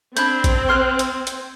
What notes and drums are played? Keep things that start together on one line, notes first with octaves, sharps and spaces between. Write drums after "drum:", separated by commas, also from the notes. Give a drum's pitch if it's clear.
C4 D4 B5 G6 G#6, drum: hi-hat
drum: kick A#1, hi-hat
C6 F6 F#6
drum: hi-hat
drum: hi-hat